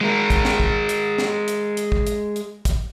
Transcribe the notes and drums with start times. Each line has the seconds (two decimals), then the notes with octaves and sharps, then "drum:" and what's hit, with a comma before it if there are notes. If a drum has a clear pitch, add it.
0.01 G#3 A#4
0.30 drum: kick, hi-hat
0.45 drum: snare
0.60 drum: kick
0.89 drum: hi-hat
1.18 drum: snare
1.48 drum: hi-hat
1.77 drum: hi-hat
1.92 drum: kick
2.07 drum: hi-hat
2.36 drum: hi-hat
2.65 drum: kick, hi-hat